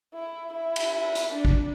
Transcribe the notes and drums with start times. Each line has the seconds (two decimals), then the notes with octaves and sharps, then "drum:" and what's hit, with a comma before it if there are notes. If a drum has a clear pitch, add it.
0.13 E4
0.53 E4
0.76 drum: cymbal
1.15 drum: hi-hat
1.30 D4
1.45 drum: kick G#1